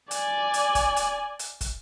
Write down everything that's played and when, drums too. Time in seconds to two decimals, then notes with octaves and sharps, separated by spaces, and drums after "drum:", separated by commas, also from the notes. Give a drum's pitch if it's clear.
0.11 D5 G#5, drum: hi-hat
0.54 drum: hi-hat
0.75 drum: kick, hi-hat
0.96 drum: hi-hat
1.39 drum: hi-hat
1.61 drum: kick, hi-hat